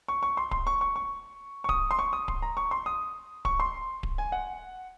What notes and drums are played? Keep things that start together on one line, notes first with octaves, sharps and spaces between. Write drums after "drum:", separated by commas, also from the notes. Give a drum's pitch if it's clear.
C#6
C#6
C6
C6, drum: kick D1
C#6
C#6
C#6
C#6
D#6, drum: kick D1
C6
C#6
D#6
C6, drum: kick D1
A#5
C#6
C6
D#6
C#6, drum: kick D1
C6
drum: kick D1
G#5
F#5